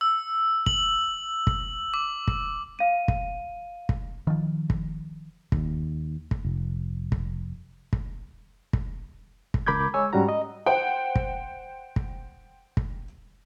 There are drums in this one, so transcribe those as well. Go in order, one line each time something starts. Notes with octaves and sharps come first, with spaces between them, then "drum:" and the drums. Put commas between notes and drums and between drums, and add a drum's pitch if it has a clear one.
E6
F#7, drum: kick
drum: kick
D6
drum: kick
F5 D#7
drum: kick
drum: kick
D#3 F3
drum: kick
D#2, drum: kick
drum: kick
F1
drum: kick
drum: kick
drum: kick
drum: kick
C#2 A#4 B5 D6 G6 G#6
G#3 C#5 G#5 E6
G#2 G3 C#4 F#4 A#5
D#5
C5 F#5 G5
drum: kick
drum: kick
drum: kick